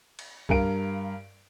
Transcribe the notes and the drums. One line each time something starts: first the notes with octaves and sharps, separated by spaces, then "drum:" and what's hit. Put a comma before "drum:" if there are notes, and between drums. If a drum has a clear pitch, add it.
drum: cymbal
G2 A#4 F5 D7, drum: kick C2